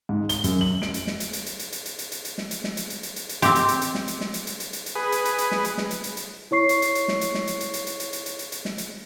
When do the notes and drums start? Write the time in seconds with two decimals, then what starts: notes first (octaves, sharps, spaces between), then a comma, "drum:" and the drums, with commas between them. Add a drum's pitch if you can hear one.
0.09 G#2
0.29 G7, drum: hi-hat
0.44 F#2, drum: hi-hat
0.61 F#7
0.82 D7, drum: snare
0.94 drum: hi-hat
1.07 drum: snare
1.20 drum: hi-hat
1.33 drum: hi-hat
1.46 drum: hi-hat
1.59 drum: hi-hat
1.72 drum: hi-hat
1.86 drum: hi-hat
1.99 drum: hi-hat
2.12 drum: hi-hat
2.25 drum: hi-hat
2.38 drum: snare
2.51 drum: hi-hat
2.64 drum: snare
2.77 drum: hi-hat
2.90 drum: hi-hat
3.03 drum: hi-hat
3.16 drum: hi-hat
3.29 drum: hi-hat
3.42 C4 G4 C6, drum: hi-hat
3.55 drum: hi-hat
3.68 drum: hi-hat
3.82 drum: hi-hat
3.95 drum: snare
4.08 drum: hi-hat
4.21 drum: snare
4.34 drum: hi-hat
4.47 drum: hi-hat
4.60 drum: hi-hat
4.73 drum: hi-hat
4.86 drum: hi-hat
4.95 G#4 B4
5.12 drum: hi-hat
5.25 drum: hi-hat
5.38 drum: hi-hat
5.51 drum: snare
5.65 drum: hi-hat
5.78 drum: snare
5.91 drum: hi-hat
6.04 drum: hi-hat
6.17 drum: hi-hat
6.51 E4 C#5 C#6 C7
6.69 drum: hi-hat
6.82 drum: hi-hat
6.95 drum: hi-hat
7.08 drum: snare
7.21 drum: hi-hat
7.34 drum: snare
7.47 drum: hi-hat
7.61 drum: hi-hat
7.74 drum: hi-hat
7.87 drum: hi-hat
8.00 drum: hi-hat
8.13 drum: hi-hat
8.26 drum: hi-hat
8.39 drum: hi-hat
8.52 drum: hi-hat
8.65 drum: snare
8.78 drum: hi-hat